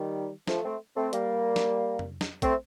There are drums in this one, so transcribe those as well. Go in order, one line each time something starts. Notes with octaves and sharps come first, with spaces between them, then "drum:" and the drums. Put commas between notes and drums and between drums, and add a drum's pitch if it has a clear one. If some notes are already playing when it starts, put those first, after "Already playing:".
Already playing: D#3 G3
F3 A3, drum: snare
A3 C4
A3 C4
G3 A#3, drum: hi-hat
drum: snare
drum: tom F2
drum: snare
A3 C4, drum: kick A#1, hi-hat